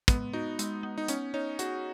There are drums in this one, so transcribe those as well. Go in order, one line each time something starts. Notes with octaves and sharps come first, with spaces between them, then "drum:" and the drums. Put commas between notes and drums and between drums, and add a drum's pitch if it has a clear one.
G#3 B3, drum: kick, hi-hat
D#4 F#4
G#3, drum: hi-hat
B3
D#4
B3 C#4, drum: hi-hat
D#4 C#5
F#4 G#4, drum: hi-hat